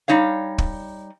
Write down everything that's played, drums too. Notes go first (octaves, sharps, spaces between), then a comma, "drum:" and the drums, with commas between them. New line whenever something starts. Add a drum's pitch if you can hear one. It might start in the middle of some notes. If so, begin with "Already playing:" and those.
G3 D#4 C#5 F5
drum: kick